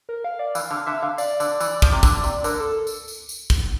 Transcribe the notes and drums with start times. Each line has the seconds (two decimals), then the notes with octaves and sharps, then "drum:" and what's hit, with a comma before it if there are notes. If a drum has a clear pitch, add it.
0.09 A#4
0.24 F5
0.39 D5
0.55 E3 F5, drum: tambourine
0.71 D3 F5
0.86 D3 E5
1.03 D3 F5
1.18 D5, drum: tambourine
1.40 D3, drum: tambourine
1.61 E3, drum: tambourine
1.82 F3, drum: kick, tambourine
1.93 C3
2.03 D3, drum: kick, tambourine
2.24 C3, drum: tambourine
2.44 D3 A#4, drum: tambourine
2.60 A4
2.87 drum: tambourine
3.08 drum: tambourine
3.29 drum: tambourine
3.50 drum: kick, tambourine